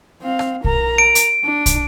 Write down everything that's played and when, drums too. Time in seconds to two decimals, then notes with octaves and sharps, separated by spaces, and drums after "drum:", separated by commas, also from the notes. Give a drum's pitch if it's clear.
0.22 C4 F5
0.39 drum: rim click
0.64 A#4 A#5, drum: kick
0.98 D7
1.15 drum: hi-hat
1.44 D4
1.66 drum: kick, hi-hat